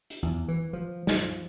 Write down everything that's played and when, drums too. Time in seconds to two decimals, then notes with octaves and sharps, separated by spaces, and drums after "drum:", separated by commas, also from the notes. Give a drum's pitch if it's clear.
0.10 drum: hi-hat
0.23 E2
0.48 E3
0.73 F3
1.07 F3, drum: snare